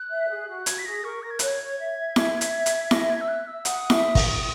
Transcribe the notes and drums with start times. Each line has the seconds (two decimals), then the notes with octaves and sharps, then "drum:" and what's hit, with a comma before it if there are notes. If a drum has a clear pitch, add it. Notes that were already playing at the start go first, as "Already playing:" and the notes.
Already playing: F#6
0.11 E5
0.29 G#4
0.48 F#4
0.66 F#4 G#6, drum: hi-hat
0.78 B6
0.85 G#4 A#6
1.04 A#4 C#6
1.22 A#4 A#6
1.30 G#6
1.39 C#5 F#6, drum: hi-hat
1.48 G#6
1.61 C#5
1.78 E5
1.97 E5
2.16 drum: snare E4
2.41 drum: hi-hat
2.66 drum: hi-hat
2.91 A#6, drum: snare E4
3.10 G#6
3.21 E6
3.28 F#6
3.47 E6
3.65 F#5 D#6, drum: hi-hat
3.90 E5, drum: snare E4
4.15 drum: kick, open hi-hat